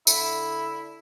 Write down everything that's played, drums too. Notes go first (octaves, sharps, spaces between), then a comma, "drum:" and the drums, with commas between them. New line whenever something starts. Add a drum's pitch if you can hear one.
D3 E4, drum: tambourine